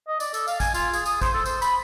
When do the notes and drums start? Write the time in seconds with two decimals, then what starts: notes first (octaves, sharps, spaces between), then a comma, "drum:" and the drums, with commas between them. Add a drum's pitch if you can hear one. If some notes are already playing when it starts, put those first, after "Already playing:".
0.08 D#5
0.20 D5, drum: tambourine
0.34 A4, drum: tambourine
0.48 F5, drum: tambourine
0.60 G#5, drum: kick, tambourine
0.74 F4, drum: tambourine
0.93 G#4, drum: tambourine
1.06 D#6, drum: tambourine
1.22 C5, drum: kick, tambourine
1.34 A4
1.46 C5, drum: tambourine
1.62 B5, drum: tambourine